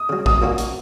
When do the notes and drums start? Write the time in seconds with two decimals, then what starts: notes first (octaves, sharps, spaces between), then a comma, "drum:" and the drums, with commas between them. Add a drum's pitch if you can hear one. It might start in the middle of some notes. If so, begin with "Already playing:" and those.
Already playing: D#6
0.09 C#3 F#3
0.26 B1 D#6, drum: kick A1
0.42 A#2 A#3 C#4 F#4
0.58 drum: hi-hat